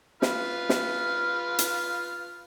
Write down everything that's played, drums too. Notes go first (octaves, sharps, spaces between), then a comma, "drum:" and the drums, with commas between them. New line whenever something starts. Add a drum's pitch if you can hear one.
F4 B4 F6, drum: snare
drum: snare
drum: hi-hat